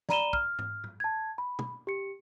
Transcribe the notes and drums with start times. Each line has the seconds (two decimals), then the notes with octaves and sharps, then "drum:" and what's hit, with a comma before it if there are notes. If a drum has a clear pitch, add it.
0.09 D5 A#5 B5 D#7 E7 G7, drum: snare
0.33 F6, drum: kick
0.59 drum: tom G#2
0.84 drum: tom
1.00 A5 G#6
1.38 B5
1.59 drum: tom
1.87 G4 C#7